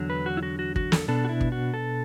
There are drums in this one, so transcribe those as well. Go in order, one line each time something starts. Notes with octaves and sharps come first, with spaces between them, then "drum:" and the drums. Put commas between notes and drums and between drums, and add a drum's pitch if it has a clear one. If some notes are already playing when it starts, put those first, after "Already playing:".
Already playing: E2 D3 F#3 D4
B4
F#4
E4
F#4
F#4
F#4, drum: kick
A4, drum: snare
B2 B3 D4 A4
F#4
E4
drum: kick
F#4
A4